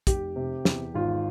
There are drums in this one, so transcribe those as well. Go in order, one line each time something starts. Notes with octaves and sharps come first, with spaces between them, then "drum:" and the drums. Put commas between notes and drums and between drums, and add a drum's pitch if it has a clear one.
F1 G4, drum: kick, hi-hat
C3
E2, drum: snare
G#1 F4